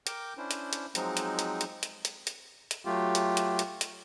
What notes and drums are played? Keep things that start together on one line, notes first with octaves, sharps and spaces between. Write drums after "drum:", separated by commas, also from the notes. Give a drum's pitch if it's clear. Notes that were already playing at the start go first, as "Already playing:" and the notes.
A#4 G5 D6 G6, drum: hi-hat
C#4 D4 E4 C5
drum: hi-hat
drum: hi-hat
F3 F#3 G#3 C4 D#4, drum: hi-hat
drum: hi-hat
drum: hi-hat
drum: hi-hat
drum: hi-hat
drum: hi-hat
drum: hi-hat
drum: hi-hat
F#3 A3 F4 G4
drum: hi-hat
drum: hi-hat
drum: hi-hat
drum: hi-hat